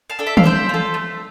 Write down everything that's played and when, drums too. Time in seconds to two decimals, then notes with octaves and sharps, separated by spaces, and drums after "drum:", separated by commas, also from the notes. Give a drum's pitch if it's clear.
0.10 F5 A5
0.19 D4 A4
0.27 E5
0.37 F5, drum: tom
0.44 D4 C5 E5
0.69 F4 A4
0.94 A3